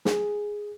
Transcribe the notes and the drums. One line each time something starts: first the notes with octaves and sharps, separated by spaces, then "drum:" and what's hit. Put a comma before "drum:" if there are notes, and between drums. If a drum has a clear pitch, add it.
G#4, drum: snare